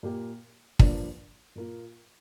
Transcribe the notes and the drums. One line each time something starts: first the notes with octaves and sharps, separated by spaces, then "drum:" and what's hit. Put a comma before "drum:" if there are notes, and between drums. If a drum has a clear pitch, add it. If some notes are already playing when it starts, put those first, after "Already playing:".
A#2 A#3 G4
G2 F3 A#3 D4, drum: kick
A#2 A#3 F4